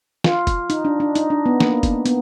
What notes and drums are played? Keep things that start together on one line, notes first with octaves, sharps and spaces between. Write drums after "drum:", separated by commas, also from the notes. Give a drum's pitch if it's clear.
F4, drum: snare
drum: kick, hi-hat
D#4, drum: hi-hat
D4
D4
D#4, drum: hi-hat
D4
B3
A#3, drum: snare
drum: kick, hi-hat
B3, drum: hi-hat